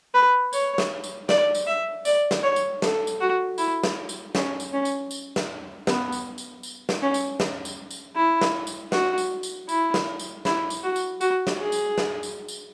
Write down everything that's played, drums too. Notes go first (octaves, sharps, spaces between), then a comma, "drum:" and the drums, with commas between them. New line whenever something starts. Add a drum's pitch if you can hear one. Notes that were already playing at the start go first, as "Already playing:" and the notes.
B4
C#5, drum: tambourine
drum: snare
drum: tambourine
D5, drum: snare
drum: tambourine
E5
D5, drum: tambourine
drum: snare
C#5
drum: tambourine
A4, drum: snare
drum: tambourine
F#4
E4, drum: tambourine
drum: snare
drum: tambourine
C#4, drum: snare
drum: tambourine
C#4
drum: tambourine
drum: tambourine
drum: snare
B3, drum: snare
drum: tambourine
drum: tambourine
drum: tambourine
drum: snare
C#4
drum: tambourine
drum: snare
drum: tambourine
drum: tambourine
E4
drum: snare
drum: tambourine
F#4, drum: snare
drum: tambourine
drum: tambourine
E4, drum: tambourine
drum: snare
drum: tambourine
E4, drum: snare
drum: tambourine
F#4
drum: tambourine
F#4, drum: tambourine
drum: snare
G#4
drum: tambourine
drum: snare
drum: tambourine
drum: tambourine